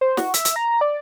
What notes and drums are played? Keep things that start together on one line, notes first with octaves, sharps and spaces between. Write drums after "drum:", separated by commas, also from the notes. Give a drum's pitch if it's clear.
C5
F#4, drum: snare
E5, drum: hi-hat
drum: hi-hat
A#5
D5